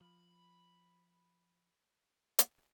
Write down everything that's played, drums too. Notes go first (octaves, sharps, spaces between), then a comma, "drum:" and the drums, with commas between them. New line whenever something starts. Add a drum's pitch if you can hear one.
F3 B5
drum: hi-hat